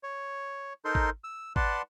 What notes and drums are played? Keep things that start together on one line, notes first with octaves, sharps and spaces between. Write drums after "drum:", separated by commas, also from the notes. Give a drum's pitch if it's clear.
C#5
D#4 A4 A#4 C5 C6
drum: kick G#1
E6
B4 D5 F#5 A5 C6, drum: kick G#1